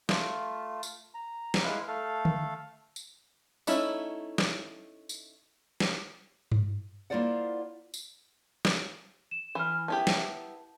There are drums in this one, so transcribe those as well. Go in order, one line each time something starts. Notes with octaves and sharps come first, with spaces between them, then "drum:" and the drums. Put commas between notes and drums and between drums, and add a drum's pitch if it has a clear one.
A3 F4, drum: snare
drum: tambourine
A#5
drum: snare
G#3 E4 B4 F5
A3 A4 F5
drum: tom D3
drum: tambourine
A3 C#4 D#4 E4, drum: tambourine
drum: snare
drum: tambourine
drum: snare
drum: tom G2
A#3 E4 F4 C5 D5 F#5
drum: tambourine
drum: snare
E7
E3 B5 F6
B3 E4 G4 A5
drum: snare